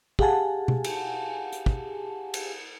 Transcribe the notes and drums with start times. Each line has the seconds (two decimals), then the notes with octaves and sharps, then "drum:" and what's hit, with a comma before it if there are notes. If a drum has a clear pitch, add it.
0.19 G4 G#4 F5 F#5 G#5 A5, drum: kick
0.68 drum: tom B2
0.84 drum: cymbal
1.52 drum: hi-hat
1.66 drum: kick
2.34 drum: cymbal